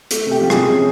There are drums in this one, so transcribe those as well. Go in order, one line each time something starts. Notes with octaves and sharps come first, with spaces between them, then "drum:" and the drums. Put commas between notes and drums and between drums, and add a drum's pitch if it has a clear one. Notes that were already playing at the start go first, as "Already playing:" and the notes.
A3, drum: hi-hat
C3 G4
F3
G#4, drum: rim click
C3
C#4